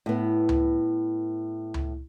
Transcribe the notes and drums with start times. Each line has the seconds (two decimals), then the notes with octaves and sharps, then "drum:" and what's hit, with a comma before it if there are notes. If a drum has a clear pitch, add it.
0.06 A2 B3
0.49 drum: tom C#2
1.74 drum: tom C#2